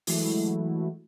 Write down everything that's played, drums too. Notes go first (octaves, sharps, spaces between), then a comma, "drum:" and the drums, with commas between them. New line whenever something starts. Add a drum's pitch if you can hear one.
E3 F#3 G#3 A3 E4 F#4, drum: open hi-hat